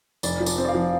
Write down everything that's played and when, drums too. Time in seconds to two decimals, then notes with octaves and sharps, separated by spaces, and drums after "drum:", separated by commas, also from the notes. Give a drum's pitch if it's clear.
0.23 F1 D5, drum: tambourine
0.40 F3
0.46 D5, drum: tambourine
0.58 C4
0.65 D5 F5
0.75 F3